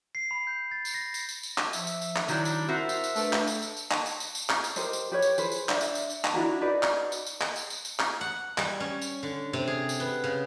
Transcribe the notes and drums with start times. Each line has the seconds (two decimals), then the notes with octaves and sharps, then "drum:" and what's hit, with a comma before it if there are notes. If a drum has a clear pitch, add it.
0.15 C7
0.31 B5
0.47 G6
0.71 A6
0.85 drum: tambourine
0.94 A#6
1.14 drum: tambourine
1.29 drum: tambourine
1.43 drum: tambourine
1.58 drum: clap
1.73 F3 E5, drum: tambourine
1.87 drum: tambourine
2.02 drum: tambourine
2.16 drum: clap
2.28 D#3 F#3 G3 D4 E4, drum: tambourine
2.45 drum: tambourine
2.68 F#4 A#4 C5 E5
2.89 drum: tambourine
3.04 drum: tambourine
3.16 A3 D4 B4, drum: tambourine
3.33 drum: clap
3.47 drum: tambourine
3.62 drum: tambourine
3.77 drum: tambourine
3.91 drum: clap
4.06 drum: tambourine
4.20 drum: tambourine
4.35 drum: tambourine
4.50 drum: clap
4.64 drum: tambourine
4.76 G4 A#4 C5 D#5, drum: tambourine
4.93 drum: tambourine
5.12 G4 B4 C#5
5.22 drum: tambourine
5.38 G#4 B4 C5, drum: tambourine
5.52 drum: tambourine
5.69 D4 E5, drum: clap
5.81 drum: tambourine
5.95 drum: tambourine
6.10 drum: tambourine
6.24 drum: clap
6.34 D4 E4 F#4 A#5
6.61 D#4 F#4 B4 D5
6.83 drum: clap
7.12 drum: tambourine
7.27 drum: tambourine
7.41 drum: clap
7.56 drum: tambourine
7.70 drum: tambourine
7.85 drum: tambourine
7.99 drum: clap
8.21 F#5
8.58 G3, drum: clap
8.80 C#4
9.02 drum: tambourine
9.23 D3
9.53 C3
9.67 G#4
9.89 drum: tambourine
10.00 B3
10.24 C#3